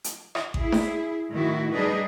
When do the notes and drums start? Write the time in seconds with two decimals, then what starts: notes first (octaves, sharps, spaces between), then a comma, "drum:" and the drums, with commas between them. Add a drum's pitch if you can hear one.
0.04 drum: hi-hat
0.35 drum: rim click
0.54 E4 G#4, drum: kick A1
0.72 drum: snare D4
1.32 A2 D#3 E4 F#4
1.72 G3 D4 D#4 G#4 B4 D#5